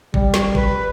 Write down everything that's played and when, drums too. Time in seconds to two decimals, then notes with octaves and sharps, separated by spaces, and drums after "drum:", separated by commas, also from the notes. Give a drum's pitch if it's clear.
0.14 G3, drum: kick G1
0.34 drum: snare
0.55 B4, drum: kick G1